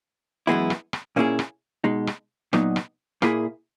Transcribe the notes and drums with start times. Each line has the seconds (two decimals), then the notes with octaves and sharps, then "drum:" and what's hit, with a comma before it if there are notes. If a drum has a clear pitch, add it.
0.47 F#2 E3 G#3 B3 E4
0.70 drum: rim click
0.93 drum: rim click
1.16 A#2 A#3 C#4 E4 G#4
1.39 drum: rim click
1.84 B2 G#3 D#4
2.07 drum: rim click
2.53 A#2 F#3 B3 D#4, drum: rim click
2.76 drum: rim click
3.22 A#2 A#3 E4 G#4, drum: rim click